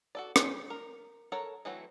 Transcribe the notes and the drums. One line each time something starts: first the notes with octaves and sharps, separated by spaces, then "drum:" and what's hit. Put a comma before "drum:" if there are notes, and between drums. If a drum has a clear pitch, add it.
F#4 A4 D5
C#4 G4, drum: rim click
A#4
A4 A#4 C#5 F#5 A#5
E3 F#3 A3 C4 F#4